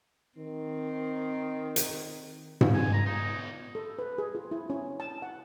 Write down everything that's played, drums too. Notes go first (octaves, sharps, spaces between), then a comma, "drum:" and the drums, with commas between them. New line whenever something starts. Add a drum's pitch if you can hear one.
D#3 C4
drum: hi-hat
drum: tom G#2
G2 G#3 G#5
A#5
B3 D#4 F4
A4
B4
G#4
F4
E4
C#4
A5
F#5